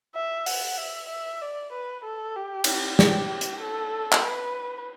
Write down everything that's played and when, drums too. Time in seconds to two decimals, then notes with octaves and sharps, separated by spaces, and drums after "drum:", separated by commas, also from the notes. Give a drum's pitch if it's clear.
0.15 E5
0.46 F#5, drum: open hi-hat
0.78 E5
1.09 E5
1.41 D5
1.73 B4
2.05 A4
2.36 G4
2.64 drum: cymbal
2.99 G4, drum: snare
3.41 drum: hi-hat
3.61 A4
4.12 drum: clap
4.24 B4